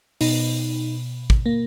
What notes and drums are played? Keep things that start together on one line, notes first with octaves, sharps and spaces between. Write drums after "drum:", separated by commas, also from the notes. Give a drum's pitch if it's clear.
B2 D#4, drum: open hi-hat
drum: kick
A#3